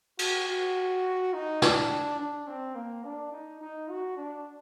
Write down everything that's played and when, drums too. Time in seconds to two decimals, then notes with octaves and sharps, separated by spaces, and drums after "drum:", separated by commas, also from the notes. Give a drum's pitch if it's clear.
0.19 F#4, drum: cymbal
0.48 F#4
1.34 D#4
1.62 D4, drum: snare
2.19 D4
2.47 C4
2.75 A#3
3.04 D4
3.32 D#4
3.61 D#4
3.89 F#4
4.17 D4